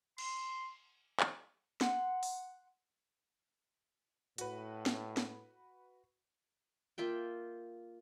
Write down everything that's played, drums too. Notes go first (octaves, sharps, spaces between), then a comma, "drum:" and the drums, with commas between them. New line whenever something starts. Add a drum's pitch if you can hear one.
C6, drum: cymbal
drum: clap
F#5 C6, drum: snare
drum: open hi-hat
A2 F#4 B4, drum: hi-hat
drum: snare
drum: snare
A#3 F4 E5 G5